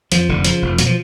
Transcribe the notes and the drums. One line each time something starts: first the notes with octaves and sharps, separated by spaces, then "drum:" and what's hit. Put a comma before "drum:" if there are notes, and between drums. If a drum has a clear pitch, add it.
F2 F3, drum: hi-hat
F1 D3
C#3 F3, drum: hi-hat
F1
B2 F#3, drum: hi-hat
F3